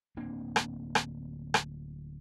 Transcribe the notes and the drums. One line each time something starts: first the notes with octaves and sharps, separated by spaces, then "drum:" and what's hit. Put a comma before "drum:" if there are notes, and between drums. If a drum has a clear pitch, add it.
D1 A#3 C4 D4
drum: rim click
drum: rim click
drum: rim click